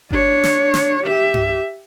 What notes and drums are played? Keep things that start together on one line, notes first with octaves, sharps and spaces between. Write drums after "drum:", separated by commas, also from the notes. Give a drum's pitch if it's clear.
D4 C#5, drum: kick G1
drum: snare
drum: snare
G4 E5
drum: tom G2